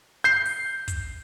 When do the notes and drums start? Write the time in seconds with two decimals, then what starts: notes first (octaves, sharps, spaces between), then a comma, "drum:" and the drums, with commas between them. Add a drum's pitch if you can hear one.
0.24 G6 C7
0.45 drum: open hi-hat
0.88 drum: kick, hi-hat